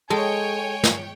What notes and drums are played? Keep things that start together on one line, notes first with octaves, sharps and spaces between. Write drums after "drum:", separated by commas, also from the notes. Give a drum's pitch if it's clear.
G#3 A4 C#5 G5 G#5
drum: snare